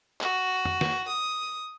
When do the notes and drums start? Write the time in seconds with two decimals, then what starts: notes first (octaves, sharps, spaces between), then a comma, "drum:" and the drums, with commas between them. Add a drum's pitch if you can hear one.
0.21 F#4, drum: clap
0.65 drum: tom F2
0.81 drum: snare
1.08 D#6